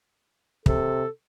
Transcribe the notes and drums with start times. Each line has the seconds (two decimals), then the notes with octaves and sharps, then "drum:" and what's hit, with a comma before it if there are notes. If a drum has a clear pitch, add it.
0.66 C3 A4, drum: kick